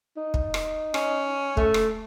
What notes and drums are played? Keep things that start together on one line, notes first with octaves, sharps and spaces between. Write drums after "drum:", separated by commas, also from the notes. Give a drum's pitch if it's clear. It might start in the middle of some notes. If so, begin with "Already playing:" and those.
D#4
drum: kick
drum: rim click
C#4, drum: rim click
A3, drum: kick
drum: rim click